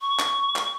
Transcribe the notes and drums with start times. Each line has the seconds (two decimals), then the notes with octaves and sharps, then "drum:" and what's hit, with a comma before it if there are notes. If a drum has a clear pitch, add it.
0.01 C#6
0.19 drum: clap
0.56 drum: clap